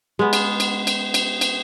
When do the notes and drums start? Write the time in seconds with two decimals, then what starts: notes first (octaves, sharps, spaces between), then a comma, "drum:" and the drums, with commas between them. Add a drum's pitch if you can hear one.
0.19 G#3 B3
0.33 drum: cymbal
0.60 drum: cymbal
0.87 drum: cymbal
1.14 drum: cymbal
1.41 drum: cymbal